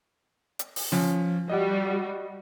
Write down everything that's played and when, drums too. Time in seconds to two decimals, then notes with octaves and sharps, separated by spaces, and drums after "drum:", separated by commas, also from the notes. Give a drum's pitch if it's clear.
0.59 drum: hi-hat
0.76 drum: open hi-hat
0.92 F3 C#4, drum: snare
1.50 G3 F#4 D#5 F#5